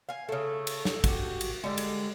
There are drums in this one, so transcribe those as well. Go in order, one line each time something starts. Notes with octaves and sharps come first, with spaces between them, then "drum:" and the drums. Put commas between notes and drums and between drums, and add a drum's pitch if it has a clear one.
F5 G#5
C#3 A3 A4
drum: cymbal
drum: snare
F#4 G4, drum: kick, cymbal
drum: cymbal
D3 G3 G#3
drum: cymbal